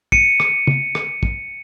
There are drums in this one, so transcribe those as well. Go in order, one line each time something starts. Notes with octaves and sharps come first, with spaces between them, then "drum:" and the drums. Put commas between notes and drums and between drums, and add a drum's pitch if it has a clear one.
C#7 D#7, drum: kick
drum: rim click
drum: tom
drum: rim click
drum: kick